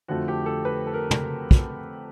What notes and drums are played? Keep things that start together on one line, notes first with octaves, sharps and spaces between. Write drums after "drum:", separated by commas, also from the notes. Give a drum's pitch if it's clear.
F2 D3 F3 A3 F#4
G4
A4
B4
A4
A#4
drum: tom
drum: kick